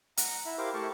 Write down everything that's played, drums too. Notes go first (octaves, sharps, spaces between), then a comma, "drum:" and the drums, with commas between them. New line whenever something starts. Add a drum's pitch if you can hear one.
F#5 A#5, drum: hi-hat
E4 E5
E4 G4 A#4 C5 F5 D6
A3 E4 G4 A#4 A5 C#6